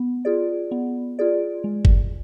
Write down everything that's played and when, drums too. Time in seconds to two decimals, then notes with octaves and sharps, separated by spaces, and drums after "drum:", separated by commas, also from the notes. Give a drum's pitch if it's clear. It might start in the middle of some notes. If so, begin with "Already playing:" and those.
Already playing: B3
0.25 F4 G#4 D5
0.71 B3
1.19 F4 G#4 D5
1.64 G#3
1.85 drum: kick G1